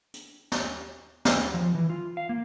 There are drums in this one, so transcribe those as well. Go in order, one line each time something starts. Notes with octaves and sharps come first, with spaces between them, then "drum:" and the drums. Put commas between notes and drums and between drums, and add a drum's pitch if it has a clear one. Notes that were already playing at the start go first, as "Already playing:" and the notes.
drum: hi-hat
drum: snare
drum: snare
F3
E3
F4
F5
A#3